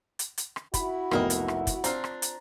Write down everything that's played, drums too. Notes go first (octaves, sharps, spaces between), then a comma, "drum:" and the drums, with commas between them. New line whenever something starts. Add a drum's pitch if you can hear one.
drum: hi-hat
drum: hi-hat
drum: rim click
E4 F#4 B5, drum: kick, hi-hat
F1 B1 A#3 A#4 D#5 G5, drum: rim click
drum: hi-hat
drum: rim click
drum: kick, hi-hat
C4 D4 F4 A#5, drum: hi-hat
drum: rim click
drum: hi-hat